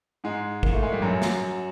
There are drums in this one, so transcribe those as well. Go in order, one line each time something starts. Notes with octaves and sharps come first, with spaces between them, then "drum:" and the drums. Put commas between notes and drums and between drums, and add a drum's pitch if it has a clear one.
G#2 G#3
A#3, drum: kick
A3
G#3
G3
F#2 F#3
drum: snare